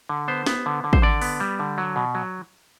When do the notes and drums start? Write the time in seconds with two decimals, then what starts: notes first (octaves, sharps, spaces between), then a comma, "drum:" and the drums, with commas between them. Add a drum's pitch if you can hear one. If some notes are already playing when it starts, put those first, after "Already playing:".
0.09 D3
0.28 B3 C5
0.46 B3, drum: snare
0.66 D3
0.84 D3
0.93 C5, drum: kick
1.02 D3 D5
1.22 B3, drum: open hi-hat
1.40 G3
1.59 D3
1.78 F#3
1.96 B2
2.15 F#3